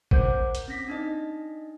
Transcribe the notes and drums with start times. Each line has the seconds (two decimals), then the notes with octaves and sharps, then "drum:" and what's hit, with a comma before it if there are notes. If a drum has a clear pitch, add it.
0.11 A#4 C5 F#5 D6 G6, drum: kick
0.55 drum: hi-hat
0.68 C4 C#4 A#6 B6
0.88 D4 D#4 D#5